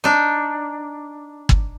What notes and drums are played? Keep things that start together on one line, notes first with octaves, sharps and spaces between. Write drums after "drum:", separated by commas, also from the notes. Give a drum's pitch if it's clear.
D4 D#4
drum: kick